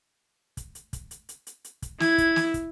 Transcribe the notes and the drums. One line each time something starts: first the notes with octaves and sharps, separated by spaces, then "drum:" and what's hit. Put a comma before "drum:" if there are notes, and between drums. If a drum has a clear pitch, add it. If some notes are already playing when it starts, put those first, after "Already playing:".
drum: kick, hi-hat
drum: hi-hat
drum: kick, hi-hat
drum: hi-hat
drum: hi-hat
drum: hi-hat
drum: hi-hat
drum: kick, hi-hat
E4 G#6, drum: snare
drum: kick, hi-hat
drum: snare
drum: kick, hi-hat